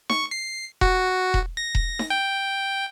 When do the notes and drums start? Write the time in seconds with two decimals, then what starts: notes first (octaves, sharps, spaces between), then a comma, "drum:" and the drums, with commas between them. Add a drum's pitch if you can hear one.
0.10 C#6, drum: snare D#4
0.31 C7
0.81 F#4, drum: kick E1
1.34 drum: kick E1
1.57 A#6
1.75 drum: kick E1
1.99 drum: snare D#4
2.10 G5